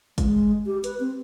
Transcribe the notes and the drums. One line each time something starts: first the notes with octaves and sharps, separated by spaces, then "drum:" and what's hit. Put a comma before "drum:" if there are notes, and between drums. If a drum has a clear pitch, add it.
G#3, drum: kick G#1, hi-hat
G4
B4, drum: hi-hat
C4